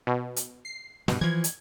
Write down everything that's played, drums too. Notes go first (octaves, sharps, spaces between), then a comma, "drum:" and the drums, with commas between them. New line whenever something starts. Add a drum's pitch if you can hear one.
B2
drum: hi-hat
C7
G2 B2 G#3, drum: snare
E3 F3 G#6
drum: hi-hat